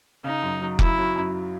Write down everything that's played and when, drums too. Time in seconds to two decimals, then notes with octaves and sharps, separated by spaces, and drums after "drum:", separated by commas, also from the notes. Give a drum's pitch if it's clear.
0.24 C#3 D#4
0.42 F#2
0.61 F#3
0.79 F#3 E4, drum: kick F1
0.98 F#3
1.16 F#2